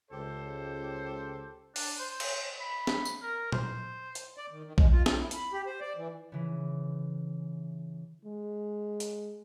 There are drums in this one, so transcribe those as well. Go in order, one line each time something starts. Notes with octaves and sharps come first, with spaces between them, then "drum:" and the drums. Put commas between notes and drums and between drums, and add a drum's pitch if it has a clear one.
C#2 G4 A4 C5
D4, drum: open hi-hat
C5
drum: cymbal
B5
drum: snare C4
drum: tambourine
A#4
C5, drum: tom A#2
drum: hi-hat
D5
D#3
D#3
G#3, drum: kick B1
F4
F4, drum: snare C4
E4
B5, drum: hi-hat
G4
C5
D5
E3
C#3 E3
G#3
drum: hi-hat